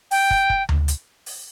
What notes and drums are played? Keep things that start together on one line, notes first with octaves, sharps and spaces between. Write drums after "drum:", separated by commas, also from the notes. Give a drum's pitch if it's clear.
G5, drum: open hi-hat
drum: kick
drum: kick
drum: tom D2
drum: hi-hat
drum: open hi-hat